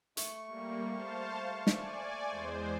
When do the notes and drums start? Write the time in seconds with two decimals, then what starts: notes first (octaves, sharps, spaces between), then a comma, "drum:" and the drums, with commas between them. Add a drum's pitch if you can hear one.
0.17 A3 C#6, drum: hi-hat
0.46 G3 A#3
0.89 C5 F5 A5
1.67 D5 G#5, drum: snare
2.26 E2 G#3 C5